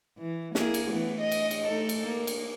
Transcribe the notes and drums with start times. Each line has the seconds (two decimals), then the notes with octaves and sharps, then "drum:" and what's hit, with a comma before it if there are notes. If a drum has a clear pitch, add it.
0.18 E3
0.55 A#3 E4 G#4, drum: snare
0.74 drum: cymbal
0.90 E3 A3 B3
1.20 D#5
1.32 drum: cymbal
1.51 drum: cymbal
1.67 A3 D#4 A4
1.89 drum: cymbal
2.04 A#3
2.27 drum: cymbal